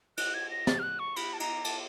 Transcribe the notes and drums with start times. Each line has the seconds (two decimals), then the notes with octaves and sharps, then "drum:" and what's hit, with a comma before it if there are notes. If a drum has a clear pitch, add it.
0.17 F#6, drum: cymbal
0.34 G#6
0.51 A#6
0.67 A6, drum: snare
0.79 F6
0.83 F#6
0.99 C#6
1.16 B5, drum: cymbal
1.33 A5
1.40 A#5, drum: cymbal
1.64 A5, drum: cymbal